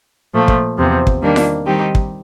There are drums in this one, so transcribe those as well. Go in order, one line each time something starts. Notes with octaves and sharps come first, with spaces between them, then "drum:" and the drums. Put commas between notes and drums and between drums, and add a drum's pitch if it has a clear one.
A#2 F3 A3
drum: kick
E2 C3 F3
drum: kick
D#3 G3 A#3 D4
drum: snare F4
D#3 G3 C4 D#4 G4
drum: kick